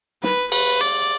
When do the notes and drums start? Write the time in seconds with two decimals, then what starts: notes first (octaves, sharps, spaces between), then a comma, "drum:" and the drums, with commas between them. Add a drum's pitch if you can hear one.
0.23 B4, drum: snare
0.52 B4, drum: cymbal
0.81 D5